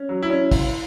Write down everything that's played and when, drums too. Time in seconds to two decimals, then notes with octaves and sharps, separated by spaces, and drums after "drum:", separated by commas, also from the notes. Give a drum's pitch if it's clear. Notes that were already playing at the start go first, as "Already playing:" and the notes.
Already playing: C#4
0.09 F#3
0.23 E4
0.30 C#4
0.51 drum: kick, open hi-hat